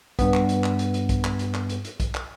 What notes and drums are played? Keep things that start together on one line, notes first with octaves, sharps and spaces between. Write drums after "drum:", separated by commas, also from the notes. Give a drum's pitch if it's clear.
G2 B3, drum: kick A#1, hi-hat
drum: clap
drum: hi-hat
drum: clap
drum: hi-hat
drum: hi-hat
drum: kick A#1, hi-hat
drum: clap
drum: hi-hat
drum: clap
drum: hi-hat
drum: hi-hat
drum: kick A#1, hi-hat
drum: clap